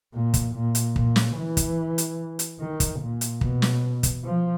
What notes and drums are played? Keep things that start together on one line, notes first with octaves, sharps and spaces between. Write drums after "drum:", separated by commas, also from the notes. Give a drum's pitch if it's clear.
A#2
drum: kick, hi-hat
A#2
drum: hi-hat
A#2, drum: kick
drum: snare
E3
drum: kick, hi-hat
drum: hi-hat
drum: hi-hat
D#3
drum: kick, hi-hat
A#2
drum: hi-hat
B2, drum: kick
drum: snare
drum: kick, hi-hat
F3